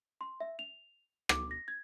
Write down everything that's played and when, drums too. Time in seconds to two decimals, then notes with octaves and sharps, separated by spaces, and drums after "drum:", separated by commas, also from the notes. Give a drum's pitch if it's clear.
0.21 C6
0.40 E5
0.59 F7
1.29 D6, drum: rim click
1.51 A#6
1.68 G#6